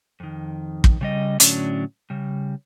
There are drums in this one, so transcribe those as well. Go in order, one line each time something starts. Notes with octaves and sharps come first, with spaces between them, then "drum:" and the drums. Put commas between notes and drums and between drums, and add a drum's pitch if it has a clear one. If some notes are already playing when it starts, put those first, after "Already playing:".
F2 D#3
drum: kick
C#3 G3 D#5
A2 D3 F#3 C#4 D4, drum: hi-hat
C#3 G3